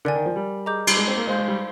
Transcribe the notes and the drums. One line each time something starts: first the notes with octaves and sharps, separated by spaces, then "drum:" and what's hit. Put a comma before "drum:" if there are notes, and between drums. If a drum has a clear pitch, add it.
D3 A#4 D5 G#5
D#3
F3
G3
G#4 D#5 A#5 D6 G6
G3, drum: cymbal
G#3
C4
A#3
G#3 C5 F5 C6 G6
G#3
G3